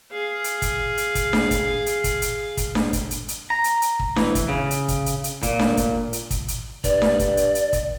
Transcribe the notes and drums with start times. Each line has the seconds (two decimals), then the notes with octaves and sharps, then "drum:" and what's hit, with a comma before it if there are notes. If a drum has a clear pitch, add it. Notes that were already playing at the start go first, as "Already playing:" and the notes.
0.12 G#4 F5
0.44 drum: hi-hat
0.62 drum: kick, hi-hat
0.97 drum: hi-hat
1.15 drum: kick, hi-hat
1.33 drum: snare D4
1.51 drum: kick, hi-hat
1.86 drum: hi-hat
2.04 drum: kick, hi-hat
2.22 drum: hi-hat
2.57 drum: kick, hi-hat
2.75 drum: snare D4
2.93 drum: kick, hi-hat
3.11 drum: hi-hat
3.28 drum: hi-hat
3.50 A#5
3.64 drum: hi-hat
3.82 drum: hi-hat
4.00 drum: kick
4.16 E3, drum: snare D4
4.35 drum: kick, hi-hat
4.48 C#3
4.71 drum: hi-hat
4.88 drum: kick, hi-hat
5.06 drum: hi-hat
5.24 drum: hi-hat
5.43 A#2, drum: kick, hi-hat
5.59 drum: snare D4
5.77 drum: kick, hi-hat
6.13 drum: hi-hat
6.31 drum: kick, hi-hat
6.48 drum: hi-hat
6.84 G2 D5, drum: kick, hi-hat
7.02 drum: snare D4
7.19 drum: kick, hi-hat
7.37 drum: hi-hat
7.55 drum: hi-hat
7.73 drum: kick, hi-hat